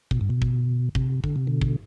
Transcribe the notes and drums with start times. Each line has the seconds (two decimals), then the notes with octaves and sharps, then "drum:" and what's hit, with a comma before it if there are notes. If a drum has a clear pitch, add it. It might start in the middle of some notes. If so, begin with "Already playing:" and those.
0.11 B2, drum: kick
0.21 G2
0.30 B2
0.42 drum: kick
0.95 C3, drum: kick
1.24 D3, drum: kick
1.36 C3
1.47 B2 D3
1.61 drum: kick